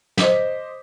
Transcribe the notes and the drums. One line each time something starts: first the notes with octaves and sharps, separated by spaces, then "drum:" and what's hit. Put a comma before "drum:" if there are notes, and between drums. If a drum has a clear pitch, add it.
C5 D#5 D6 B6, drum: snare